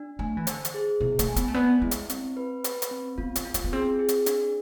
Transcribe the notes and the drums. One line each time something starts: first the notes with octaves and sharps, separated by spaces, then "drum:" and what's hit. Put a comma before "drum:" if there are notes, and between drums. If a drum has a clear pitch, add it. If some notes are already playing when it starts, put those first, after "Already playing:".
Already playing: D4
A3 G#5
E3
D3 C5, drum: hi-hat
drum: hi-hat
G#4
B2 E4
A3, drum: hi-hat
G#5
B3, drum: hi-hat
A3
B3 D5
G#3 E4
drum: hi-hat
C4, drum: hi-hat
B4
B4, drum: hi-hat
drum: hi-hat
C4
B3 F4
B3, drum: hi-hat
F4
B3, drum: hi-hat
B3
C4 G#4
G#4
drum: hi-hat
D4, drum: hi-hat